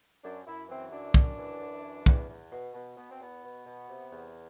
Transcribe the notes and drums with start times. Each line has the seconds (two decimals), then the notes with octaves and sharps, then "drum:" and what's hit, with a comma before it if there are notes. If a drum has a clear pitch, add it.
0.24 F#2 D4
0.47 F#2 E4
0.69 E3 C4
0.92 F#2 D4
1.14 F#2, drum: kick
1.38 E3
1.61 F#2
1.84 E3
2.06 E2, drum: kick
2.29 E2
2.51 B2
2.74 B2
2.97 B2 B3
3.10 C4
3.20 E2 B3
3.44 B2
3.65 B2
3.89 C3
4.12 E2